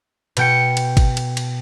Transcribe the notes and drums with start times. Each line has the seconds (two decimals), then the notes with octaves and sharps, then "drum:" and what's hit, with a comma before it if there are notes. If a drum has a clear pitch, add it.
0.37 B2 G5 C#7, drum: cymbal
0.77 drum: cymbal
0.97 drum: kick G#1, cymbal
1.17 drum: cymbal
1.37 drum: cymbal